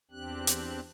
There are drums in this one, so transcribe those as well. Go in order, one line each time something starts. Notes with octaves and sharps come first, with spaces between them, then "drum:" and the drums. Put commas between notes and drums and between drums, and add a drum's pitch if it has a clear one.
E2 C4 D4 G4 F#6
drum: hi-hat